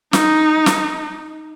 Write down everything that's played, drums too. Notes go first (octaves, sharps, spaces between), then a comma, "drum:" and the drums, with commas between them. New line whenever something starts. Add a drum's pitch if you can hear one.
D#4, drum: snare
drum: snare